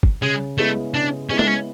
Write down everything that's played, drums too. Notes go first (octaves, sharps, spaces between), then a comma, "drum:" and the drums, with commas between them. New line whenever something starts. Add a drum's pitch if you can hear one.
drum: kick
C#3 G#3
G#3 A3 B3 E4
C#3 D4
G#3 B3 C#4 E4
D4, drum: tom G#3
C#4